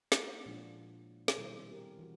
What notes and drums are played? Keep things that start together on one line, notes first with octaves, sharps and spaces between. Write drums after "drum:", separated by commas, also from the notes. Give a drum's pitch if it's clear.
A#3 D4 E4 C#5 F#5, drum: snare
A#2 F3 G#3 D4 F4
drum: snare
B2 D#3 G3 E4 G4 C5
C4 G4 G#4 A#4
E3 F#4